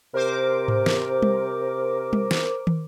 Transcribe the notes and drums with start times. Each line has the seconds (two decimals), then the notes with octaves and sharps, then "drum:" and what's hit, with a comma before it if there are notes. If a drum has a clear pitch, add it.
0.14 C3 A#4 C5 D6
0.68 drum: tom G#2
0.86 drum: snare
1.22 drum: tom G3
2.13 drum: tom G3
2.31 drum: snare
2.67 drum: tom